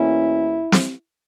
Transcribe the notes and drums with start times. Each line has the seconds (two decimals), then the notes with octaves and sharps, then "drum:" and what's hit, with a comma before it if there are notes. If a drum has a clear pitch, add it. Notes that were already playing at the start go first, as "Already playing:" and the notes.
Already playing: E2 B2 A#3 C#4 E4
0.72 drum: snare